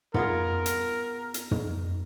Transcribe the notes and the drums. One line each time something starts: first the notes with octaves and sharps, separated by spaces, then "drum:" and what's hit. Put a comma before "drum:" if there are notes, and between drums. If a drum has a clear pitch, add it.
B3 F4 G#4 A#4, drum: tom
drum: hi-hat
drum: hi-hat
drum: tom